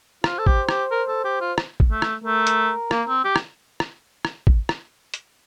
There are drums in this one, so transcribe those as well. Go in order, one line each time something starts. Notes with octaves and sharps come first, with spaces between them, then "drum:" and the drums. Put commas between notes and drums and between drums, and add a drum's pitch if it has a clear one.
F4 C5, drum: rim click
A4
G4, drum: kick
G4, drum: rim click
A#4
A4
G4
F4
drum: rim click
drum: kick
A3
drum: rim click
A3 A#4
drum: hi-hat
A#3, drum: rim click
C4
G4
drum: rim click
drum: rim click
drum: rim click
drum: kick
drum: rim click
drum: hi-hat